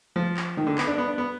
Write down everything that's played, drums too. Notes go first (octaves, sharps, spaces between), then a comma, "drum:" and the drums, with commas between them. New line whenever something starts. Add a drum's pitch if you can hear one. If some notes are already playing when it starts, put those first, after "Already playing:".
F3
drum: clap
D#3
D3
B3, drum: clap
D4
B3
D4
B3